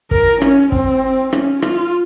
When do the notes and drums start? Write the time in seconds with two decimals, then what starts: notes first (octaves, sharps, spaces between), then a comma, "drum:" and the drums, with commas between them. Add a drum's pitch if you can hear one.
0.11 A#4, drum: kick
0.41 C#4, drum: rim click
0.72 C4, drum: kick
1.32 C#4, drum: rim click
1.62 F4, drum: rim click